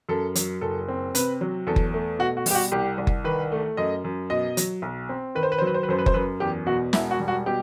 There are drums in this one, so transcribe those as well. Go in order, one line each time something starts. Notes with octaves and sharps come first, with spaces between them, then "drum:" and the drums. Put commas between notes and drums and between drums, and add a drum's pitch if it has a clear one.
F#2 A4
F#3, drum: hi-hat
F#1 A4
C4
C3 B4, drum: hi-hat
F#3
E2 A4
drum: kick F#1
A3
B2 F#4
F#4
G3 G4, drum: open hi-hat
F#4
C2 G4
C2
drum: kick F#1
D#3 B4
A3
F#2 D#5
F#2
B2 D#5
F#3, drum: hi-hat
B1
C4
D#3 B4
C5
B4
C5
F#3
B4
C5
B4
F#2 C5
B4
C5, drum: kick F#1
F#2 B4
E2 G4
B2 F#4
E1 E4, drum: snare
F#4
G3
F#4
B2 G4